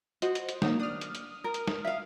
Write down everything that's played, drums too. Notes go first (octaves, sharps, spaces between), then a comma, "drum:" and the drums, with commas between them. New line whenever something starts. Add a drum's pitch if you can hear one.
F#4 C5 D#5, drum: hi-hat
drum: hi-hat
drum: hi-hat
D#3 F#3 A#3 D#4, drum: snare
D4 D#6 F6
drum: hi-hat
drum: hi-hat
A#4
drum: hi-hat
drum: snare
E5 F5